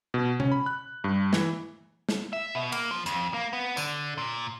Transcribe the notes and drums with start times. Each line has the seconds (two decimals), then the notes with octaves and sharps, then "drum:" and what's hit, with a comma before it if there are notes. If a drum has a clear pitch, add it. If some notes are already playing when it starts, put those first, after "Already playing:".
0.14 B2
0.40 C#4, drum: tom C3
0.52 B5
0.66 F#6
1.04 G2
1.33 E3, drum: snare
2.09 drum: snare
2.33 E5
2.55 B2
2.72 A#3, drum: cymbal
2.91 F3
3.06 F2, drum: hi-hat
3.34 A#3
3.53 B3
3.77 D3, drum: tambourine
4.18 A#2